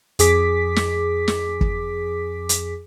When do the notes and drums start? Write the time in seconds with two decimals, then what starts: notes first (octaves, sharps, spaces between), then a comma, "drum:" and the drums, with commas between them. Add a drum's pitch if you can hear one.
0.19 F2 G#4 D6 B6, drum: hi-hat
0.76 drum: snare
1.28 drum: snare
1.61 drum: kick
2.49 drum: hi-hat